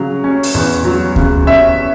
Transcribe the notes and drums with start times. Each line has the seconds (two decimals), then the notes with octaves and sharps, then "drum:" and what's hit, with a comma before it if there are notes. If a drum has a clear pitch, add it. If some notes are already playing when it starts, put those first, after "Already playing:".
Already playing: C#3 F#3
0.24 C#4
0.43 drum: open hi-hat
0.54 E2
0.85 F#3
1.16 C#3, drum: kick D2
1.46 C#4 E5